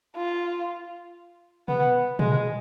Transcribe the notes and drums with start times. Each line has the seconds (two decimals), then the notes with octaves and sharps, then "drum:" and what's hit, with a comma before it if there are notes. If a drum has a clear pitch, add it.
0.16 F4
1.68 B3, drum: tom B2
2.19 G#3, drum: tom A#2